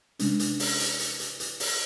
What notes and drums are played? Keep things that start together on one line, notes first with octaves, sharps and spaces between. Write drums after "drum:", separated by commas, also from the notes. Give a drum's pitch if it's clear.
C3 G#3 C#4 D4, drum: hi-hat
drum: hi-hat
drum: open hi-hat
drum: hi-hat
drum: hi-hat
drum: hi-hat
drum: hi-hat
drum: open hi-hat